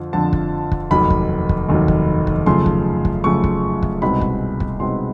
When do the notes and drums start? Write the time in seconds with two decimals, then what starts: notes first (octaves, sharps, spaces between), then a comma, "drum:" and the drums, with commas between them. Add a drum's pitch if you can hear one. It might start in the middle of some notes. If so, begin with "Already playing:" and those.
Already playing: F2 D3 F3
0.13 F2 D3 F3 A5
0.33 drum: kick
0.72 drum: kick
0.91 F1 D#2 D#3 F#3 B5
1.10 drum: kick
1.49 drum: kick
1.69 F1 D#2 D#3 F#3
1.88 drum: kick
2.27 drum: kick
2.46 F#2 C#3 F3 A3 C6
2.66 drum: kick
3.05 drum: kick
3.24 F#2 C#3 F3 A3 C#6
3.44 drum: kick
3.83 drum: kick
4.02 C2 B2 G#3 C4 D#4 B5
4.21 drum: kick
4.60 drum: kick
4.80 C2 B2 G#3 C4 D#4 C6